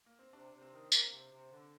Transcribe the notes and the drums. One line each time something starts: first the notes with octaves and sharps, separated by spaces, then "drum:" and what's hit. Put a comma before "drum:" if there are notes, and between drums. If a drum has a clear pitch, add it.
A#3
C4
C3 D4
C3
C4
D#3
A#3, drum: tambourine
C3
C3
D3